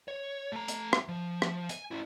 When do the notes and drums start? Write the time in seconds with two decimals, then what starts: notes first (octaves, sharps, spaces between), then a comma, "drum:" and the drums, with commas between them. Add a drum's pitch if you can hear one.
0.08 C#5
0.52 A3 A#5
0.68 drum: hi-hat
0.93 drum: rim click
1.09 F3
1.42 drum: rim click
1.69 G#5, drum: hi-hat
1.91 C#4 E4